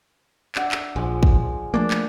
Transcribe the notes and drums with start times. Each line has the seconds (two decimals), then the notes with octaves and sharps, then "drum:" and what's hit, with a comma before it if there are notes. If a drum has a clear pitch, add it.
0.55 D4 E5 F#5, drum: clap
0.72 drum: clap
0.96 A#1 F3 G#3
1.23 drum: kick
1.74 F3 A3 A#3 D4
1.91 drum: clap